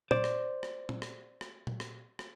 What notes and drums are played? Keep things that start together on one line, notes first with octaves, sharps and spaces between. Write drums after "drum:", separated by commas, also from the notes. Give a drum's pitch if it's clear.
C5 D5, drum: tom A#2
drum: rim click
drum: rim click
drum: tom A#2
drum: rim click
drum: rim click
drum: tom A#2
drum: rim click
drum: rim click